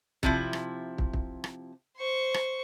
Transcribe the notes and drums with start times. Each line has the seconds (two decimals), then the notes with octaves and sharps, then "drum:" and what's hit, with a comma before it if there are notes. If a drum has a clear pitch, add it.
0.23 C3 F3 E4, drum: kick
0.53 drum: rim click
0.98 drum: kick
1.13 drum: kick
1.44 drum: rim click
1.97 C5 C#6
2.34 drum: rim click